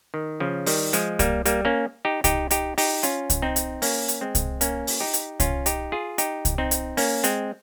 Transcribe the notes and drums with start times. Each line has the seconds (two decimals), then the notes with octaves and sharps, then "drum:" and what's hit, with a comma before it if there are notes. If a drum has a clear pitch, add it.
0.14 D#3
0.40 C#3 F3
0.66 D#3 G3, drum: open hi-hat
0.93 F3 G#3, drum: hi-hat
1.19 G3 A#3, drum: kick C2, hi-hat
1.45 G3 A#3, drum: hi-hat
1.65 A#3 C#4
2.05 D#4 G4
2.24 D#4 G4, drum: kick C2, hi-hat
2.51 D#4 G4, drum: hi-hat
2.78 D#4 G4, drum: open hi-hat
3.03 C#4 F4, drum: hi-hat
3.30 drum: kick C2, hi-hat
3.42 C4 D#4
3.56 drum: hi-hat
3.82 A#3 C#4, drum: open hi-hat
4.08 drum: hi-hat
4.21 G#3 C4
4.35 drum: kick C2, hi-hat
4.61 A#3 C#4, drum: hi-hat
4.87 drum: open hi-hat
5.00 D#4 G4
5.13 drum: hi-hat
5.40 C#4 F4, drum: kick C2, hi-hat
5.66 D#4 G4, drum: hi-hat
5.92 F4 G#4
6.18 D#4 G4, drum: hi-hat
6.45 drum: kick C2, hi-hat
6.58 C4 D#4
6.71 drum: hi-hat
6.97 A#3 C#4, drum: open hi-hat
7.24 G#3 C4, drum: hi-hat